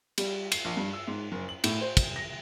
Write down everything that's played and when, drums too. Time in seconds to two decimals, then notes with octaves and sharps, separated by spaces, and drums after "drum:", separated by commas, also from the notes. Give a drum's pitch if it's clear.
0.18 G3, drum: cymbal
0.52 C7, drum: cymbal
0.65 A#1
0.77 G2
0.93 E6
1.08 G#2
1.32 F#1
1.49 F#7
1.64 A2, drum: cymbal
1.81 C5
1.97 drum: kick, cymbal
2.16 A#6